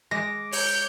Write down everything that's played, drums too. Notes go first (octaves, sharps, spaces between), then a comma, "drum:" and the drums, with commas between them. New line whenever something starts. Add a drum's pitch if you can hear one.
G#3 D6 A#6
C#5 G6, drum: open hi-hat